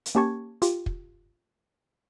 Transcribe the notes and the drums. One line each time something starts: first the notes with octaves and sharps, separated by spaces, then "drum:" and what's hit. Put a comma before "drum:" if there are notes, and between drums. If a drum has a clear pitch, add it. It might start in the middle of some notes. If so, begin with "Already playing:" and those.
drum: hi-hat
A#3 C#4 G4 A5 C#6 G#6
F4 G4, drum: hi-hat
drum: kick